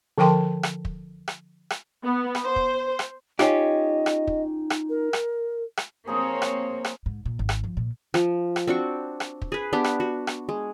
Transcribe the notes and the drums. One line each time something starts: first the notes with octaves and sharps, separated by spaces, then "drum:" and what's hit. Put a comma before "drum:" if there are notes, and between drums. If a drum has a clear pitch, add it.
D3 F3 A#4 G5 A5 C6
drum: rim click
drum: kick
drum: rim click
drum: rim click
B3
drum: rim click
C5
drum: kick
drum: rim click
C#4 D#4 F4 G4 D#5, drum: rim click
drum: rim click
drum: kick
drum: rim click
A#4
drum: rim click
drum: rim click
F3 A#3 C4 D#4 G#4 C#5
drum: rim click
drum: rim click
G#2
A#2
G#1
drum: rim click
F3
A#2
F3, drum: rim click
drum: rim click
C4 D4 F#4 C#6
drum: rim click
drum: kick
G#4 B4
B3 D4 G4
drum: rim click
F#4
drum: rim click
G#3